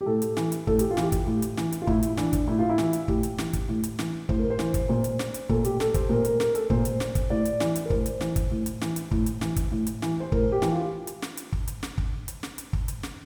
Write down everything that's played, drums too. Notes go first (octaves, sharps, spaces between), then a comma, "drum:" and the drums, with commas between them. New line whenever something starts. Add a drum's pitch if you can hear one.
G4
A2 A4
drum: hi-hat
E3, drum: snare
drum: hi-hat
A2 A4, drum: kick
G4, drum: hi-hat
F4
E3, drum: snare
G4
drum: kick, hi-hat
A2
drum: hi-hat
E3, drum: snare
drum: hi-hat
F4
A2 E4, drum: kick
drum: hi-hat
E3 D4, drum: snare
drum: kick, hi-hat
A2 E4
F4
E4
E3, drum: snare
drum: hi-hat
A2 G4, drum: kick
drum: hi-hat
E3, drum: snare
drum: kick, hi-hat
A2
drum: hi-hat
E3, drum: snare
A2 C5, drum: kick
A#4
C5
E3, drum: snare
drum: kick, hi-hat
A#2 C5
drum: hi-hat
drum: snare
drum: hi-hat
A#2 A4, drum: kick
G4, drum: hi-hat
A4, drum: snare
C5, drum: kick, hi-hat
A#2 A#4
A#4, drum: hi-hat
A#4, drum: snare
A4, drum: hi-hat
A#2 C5, drum: kick
drum: hi-hat
drum: snare
drum: kick, hi-hat
A2 D5
drum: hi-hat
E3, drum: snare
drum: hi-hat
A#4
A2 C5, drum: kick
drum: hi-hat
E3, drum: snare
drum: kick, hi-hat
A2
drum: hi-hat
E3, drum: snare
drum: hi-hat
A2, drum: kick
drum: hi-hat
E3, drum: snare
drum: kick, hi-hat
A2
drum: hi-hat
E3, drum: snare
C5
A2 A#4, drum: kick
G4
E3, drum: snare
F4
drum: hi-hat
drum: snare
drum: hi-hat
drum: kick
drum: hi-hat
drum: snare
drum: kick
drum: hi-hat
drum: snare
drum: hi-hat
drum: kick
drum: hi-hat
drum: snare